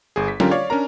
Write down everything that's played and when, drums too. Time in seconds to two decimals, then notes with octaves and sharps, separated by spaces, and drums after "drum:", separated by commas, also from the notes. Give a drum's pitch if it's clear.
0.16 G1 G#4
0.28 B6
0.40 D3 C#4 D4 F4 G4 A#4, drum: tom
0.51 C#5 D5 F5
0.70 C#4 D4 A#4 A#5